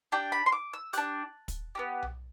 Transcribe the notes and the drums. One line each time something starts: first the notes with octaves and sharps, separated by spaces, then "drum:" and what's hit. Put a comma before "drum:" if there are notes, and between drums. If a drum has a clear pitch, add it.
D4 G4 G5
B5
C6
D6
E6
D4 G4 F#6, drum: hi-hat
drum: kick, hi-hat
B3 D4 G4
drum: tom B1